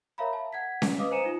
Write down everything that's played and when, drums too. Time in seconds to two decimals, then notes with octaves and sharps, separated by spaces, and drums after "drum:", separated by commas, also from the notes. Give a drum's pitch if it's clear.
0.18 A#4 C#5 E5 F5 A#5 B5
0.33 A5
0.53 F#5 G#6 B6
0.82 drum: snare C#4
0.98 B4 D#5 F5 D6 D#6
1.11 C5 G#5 A#5 C#7 D#7 E7
1.24 D#4 F4